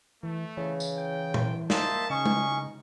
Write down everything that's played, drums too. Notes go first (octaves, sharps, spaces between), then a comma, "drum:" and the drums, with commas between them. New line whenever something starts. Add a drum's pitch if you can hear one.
E3 A3
C#3 E3
drum: tambourine
G5
drum: tom A#2
A#3 C5 D#5 E5 A5, drum: snare
C#3 C#4 D#4 G#4 C#6
drum: tom G#3